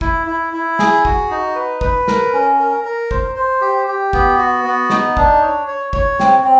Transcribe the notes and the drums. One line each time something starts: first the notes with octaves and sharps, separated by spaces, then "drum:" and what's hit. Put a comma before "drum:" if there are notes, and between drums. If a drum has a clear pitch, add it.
E4, drum: kick
E4
E4
G#4, drum: snare
F#4, drum: kick
D#4
B4
B4, drum: kick
A#4, drum: snare
C#4
A#4
A#4
C5, drum: kick
C5
G4
G4
B3, drum: kick
F#4
B3
D#4, drum: snare
D4, drum: kick
C#5
C#5
C#5, drum: kick
C4, drum: snare
C4